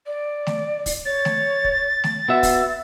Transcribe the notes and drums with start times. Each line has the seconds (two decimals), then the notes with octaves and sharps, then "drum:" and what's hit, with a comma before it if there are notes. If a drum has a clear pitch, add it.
0.06 D5
0.47 drum: snare A3
0.86 drum: kick, open hi-hat
1.05 C#5 A6
1.25 drum: snare A3
1.64 drum: kick
2.04 drum: snare A3
2.28 B3 F#4 E5 E6
2.43 drum: kick, open hi-hat